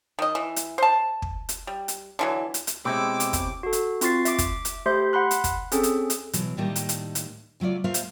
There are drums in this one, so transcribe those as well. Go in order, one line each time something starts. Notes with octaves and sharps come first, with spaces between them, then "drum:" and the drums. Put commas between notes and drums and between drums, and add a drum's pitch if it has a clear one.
D#3 D#5
E3
drum: hi-hat
C5 A5
drum: kick
drum: hi-hat
G3
drum: hi-hat
D3 E3 F#3
drum: hi-hat
drum: hi-hat
B2 G#3 C4 C#4 E4 G4 D6 E6
drum: hi-hat
drum: kick, hi-hat
F#4 A4
drum: hi-hat
C4 F4 C#6 A6 C7, drum: hi-hat
E5 D6, drum: hi-hat
drum: kick, hi-hat
drum: hi-hat
A3 G4 C5 E5 C6 G6
F#5 B5 C6 F#6
drum: hi-hat
drum: kick, hi-hat
C4 C#4 G#4 A4, drum: hi-hat
drum: hi-hat
drum: hi-hat
B2 E3 F#3, drum: hi-hat
A2 D#3 G3 A3 A#3 D#4
drum: hi-hat
drum: hi-hat
drum: hi-hat
C#3 F#3 A3 F4 D5
A3 A#3 F4 C5 E5 F5
drum: hi-hat